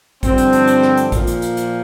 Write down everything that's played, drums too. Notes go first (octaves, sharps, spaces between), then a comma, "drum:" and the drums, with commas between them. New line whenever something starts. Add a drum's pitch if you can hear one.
G2 D3 F3 C4, drum: kick, hi-hat
drum: hi-hat
drum: hi-hat
drum: hi-hat
drum: rim click
drum: hi-hat
A#2 F3, drum: kick, hi-hat
drum: hi-hat
drum: hi-hat
drum: hi-hat